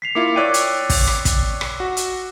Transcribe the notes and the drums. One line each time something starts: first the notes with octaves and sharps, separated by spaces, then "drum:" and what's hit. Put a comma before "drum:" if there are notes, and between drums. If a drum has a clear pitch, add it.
B6 C7 F7
A#3 E4 F4 D6 C#7
C#5 D5 G5 E6 F#6 D#7
drum: hi-hat
drum: kick, open hi-hat
drum: rim click
drum: kick, hi-hat
drum: rim click
F#4
drum: hi-hat